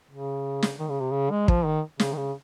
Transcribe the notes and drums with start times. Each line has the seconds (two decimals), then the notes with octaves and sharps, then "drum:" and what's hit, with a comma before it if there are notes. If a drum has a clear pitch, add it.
0.11 C#3
0.63 drum: snare
0.80 D#3
0.90 C#3
1.01 C3
1.11 C#3
1.31 G#3
1.48 F3, drum: kick
1.66 D#3
2.00 C#3, drum: snare
2.13 D#3
2.17 C#3